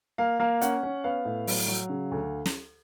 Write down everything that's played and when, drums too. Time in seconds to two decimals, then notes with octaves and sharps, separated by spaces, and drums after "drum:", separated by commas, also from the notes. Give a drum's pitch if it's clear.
0.18 A#3 F5
0.40 A#3 F5
0.61 C#4 F#5, drum: hi-hat
0.83 C#4
1.04 B3 F5
1.25 A2
1.47 F#3, drum: open hi-hat
1.68 F#3
1.89 C#3
2.11 D2
2.46 drum: snare